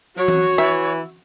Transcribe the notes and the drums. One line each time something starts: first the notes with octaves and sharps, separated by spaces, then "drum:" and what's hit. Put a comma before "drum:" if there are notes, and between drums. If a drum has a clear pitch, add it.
F#3 F#4 C#5
drum: tom E3
E3 E5